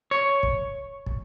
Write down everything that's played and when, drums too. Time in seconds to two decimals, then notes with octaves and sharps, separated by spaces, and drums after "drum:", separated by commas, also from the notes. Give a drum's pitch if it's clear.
0.11 C#5
0.43 drum: kick
1.06 drum: kick